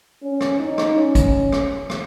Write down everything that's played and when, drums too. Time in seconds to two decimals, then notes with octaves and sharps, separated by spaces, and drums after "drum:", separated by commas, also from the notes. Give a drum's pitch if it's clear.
0.22 C#4
0.41 drum: rim click
0.59 D#4
0.78 drum: rim click
0.97 C#4
1.15 drum: kick, hi-hat
1.53 drum: rim click
1.90 drum: rim click